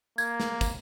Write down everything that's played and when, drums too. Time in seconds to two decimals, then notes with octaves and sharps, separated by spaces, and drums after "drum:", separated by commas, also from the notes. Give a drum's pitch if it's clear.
0.18 A#3 G#6, drum: tambourine
0.40 drum: snare
0.61 drum: kick, tambourine